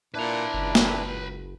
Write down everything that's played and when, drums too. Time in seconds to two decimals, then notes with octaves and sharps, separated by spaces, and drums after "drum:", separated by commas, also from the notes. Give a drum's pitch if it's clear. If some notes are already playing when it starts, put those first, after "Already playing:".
0.14 A#2 D4 E4 B4 A#5
0.54 F#1 C#2
0.75 drum: snare